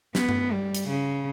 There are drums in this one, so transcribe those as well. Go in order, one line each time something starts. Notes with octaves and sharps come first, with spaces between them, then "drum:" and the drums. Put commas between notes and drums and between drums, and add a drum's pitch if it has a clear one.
B3, drum: snare
drum: tom
G3
drum: hi-hat
C#3